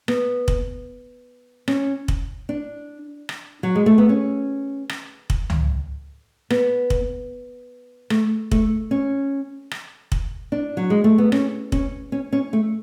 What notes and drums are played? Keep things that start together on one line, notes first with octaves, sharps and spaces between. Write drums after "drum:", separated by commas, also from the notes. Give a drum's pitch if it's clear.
B3, drum: rim click
drum: kick
C#4, drum: rim click
drum: kick
D4
drum: rim click
F#3
G#3
A3
B3
C#4
drum: rim click
drum: kick
drum: tom C#2
B3, drum: rim click
drum: kick
A3, drum: rim click
A3, drum: kick
C#4
drum: rim click
drum: kick
D4
F#3
G#3
A3
B3
C#4, drum: rim click
C#4, drum: kick
C#4
C#4
A3